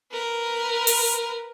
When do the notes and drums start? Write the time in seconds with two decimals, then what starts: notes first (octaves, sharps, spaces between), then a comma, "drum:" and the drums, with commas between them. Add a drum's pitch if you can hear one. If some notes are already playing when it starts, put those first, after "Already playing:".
0.12 A#4 B4
0.87 drum: open hi-hat